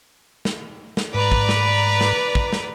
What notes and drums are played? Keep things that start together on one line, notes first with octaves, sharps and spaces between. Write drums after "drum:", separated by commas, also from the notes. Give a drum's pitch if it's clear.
drum: snare
drum: snare
G#2 B4 D5 A#5
drum: kick
drum: snare
drum: snare
drum: kick
drum: snare